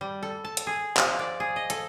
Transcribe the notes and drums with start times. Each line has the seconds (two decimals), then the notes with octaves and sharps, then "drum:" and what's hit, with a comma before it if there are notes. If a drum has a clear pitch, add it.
0.01 G3
0.23 A4
0.44 A5
0.57 drum: hi-hat
0.67 G#4
0.97 F3, drum: clap
1.19 D5
1.40 G#4
1.56 D#5
1.70 A4, drum: hi-hat